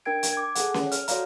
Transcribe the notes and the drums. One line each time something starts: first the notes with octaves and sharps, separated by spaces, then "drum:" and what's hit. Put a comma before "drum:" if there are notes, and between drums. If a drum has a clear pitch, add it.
D4 A#4 G5 G#6 D7
drum: hi-hat
D6 G#6
G#4 A4 F#5, drum: hi-hat
drum: snare C#4
F6, drum: hi-hat
F#4 A4 C#5 D5 F5 A#5, drum: hi-hat